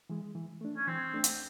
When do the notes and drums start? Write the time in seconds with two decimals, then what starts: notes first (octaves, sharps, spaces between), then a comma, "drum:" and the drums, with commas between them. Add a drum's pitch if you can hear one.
0.10 E3 G#3
0.35 E3
0.61 A3 D4
0.76 C#4
0.87 E3 C4
1.14 A3 D4
1.24 drum: hi-hat